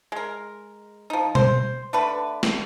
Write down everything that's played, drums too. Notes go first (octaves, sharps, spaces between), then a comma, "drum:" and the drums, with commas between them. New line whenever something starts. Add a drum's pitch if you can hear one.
G#3 A#4
F3 D#4
C5, drum: tom B2
D3 A3 D4 B4
drum: snare